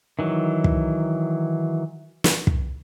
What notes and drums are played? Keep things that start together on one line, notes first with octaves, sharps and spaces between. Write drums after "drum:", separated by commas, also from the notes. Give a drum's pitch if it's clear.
D#3 E3 F#3
drum: kick
drum: snare
drum: kick